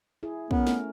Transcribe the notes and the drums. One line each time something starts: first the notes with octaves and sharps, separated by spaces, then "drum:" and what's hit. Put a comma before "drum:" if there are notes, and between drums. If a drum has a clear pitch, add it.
E4 G#4
B3 C#4 A#4, drum: kick
A3, drum: snare